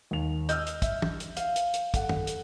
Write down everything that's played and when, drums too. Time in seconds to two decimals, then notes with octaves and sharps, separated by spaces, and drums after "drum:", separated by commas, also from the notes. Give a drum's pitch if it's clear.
0.11 D#2 F7
0.49 D#5 E6 F6 G6, drum: hi-hat
0.67 drum: hi-hat
0.82 E5, drum: kick, hi-hat
1.02 drum: tom
1.20 drum: hi-hat
1.37 F5, drum: hi-hat
1.56 drum: hi-hat
1.74 drum: hi-hat
1.94 A4 F#5, drum: kick, hi-hat
2.09 drum: tom
2.27 drum: hi-hat